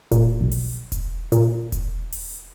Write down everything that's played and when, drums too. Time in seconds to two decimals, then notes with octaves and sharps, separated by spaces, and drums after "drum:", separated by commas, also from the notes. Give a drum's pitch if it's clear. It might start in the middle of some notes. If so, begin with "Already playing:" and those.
0.11 A#2, drum: kick E1, hi-hat
0.41 B1
0.52 drum: open hi-hat
0.92 drum: kick E1, hi-hat
1.32 A#2, drum: hi-hat
1.72 drum: kick E1, hi-hat
2.12 drum: open hi-hat